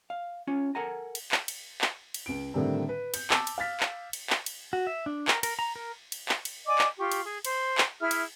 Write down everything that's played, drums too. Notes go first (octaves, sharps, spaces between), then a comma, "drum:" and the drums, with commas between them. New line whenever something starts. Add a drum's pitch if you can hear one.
F5
C#4 F4 C#5
A4 A#4 F#5 G#5 A#5
drum: cymbal
drum: clap
drum: cymbal
drum: clap
drum: cymbal
C#2 D7
A2 D3 D#3 G3 C4
B4
G6, drum: cymbal
A5 D6 E6, drum: clap
drum: cymbal
F5 F6 A6 B6
drum: clap
drum: cymbal
drum: clap
drum: cymbal
F#4
E5
D4
A#4, drum: clap
A#4, drum: cymbal
A#5
A#4
drum: cymbal
drum: clap
drum: cymbal
D5 D#5 G#5 D6
drum: clap
F4 G4 C#6
drum: cymbal
G#4
C5, drum: cymbal
drum: clap
E4 G#4 E5 F6
drum: cymbal